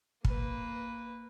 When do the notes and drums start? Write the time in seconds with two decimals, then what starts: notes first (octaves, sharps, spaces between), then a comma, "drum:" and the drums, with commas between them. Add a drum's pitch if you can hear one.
0.25 A#3 B4, drum: kick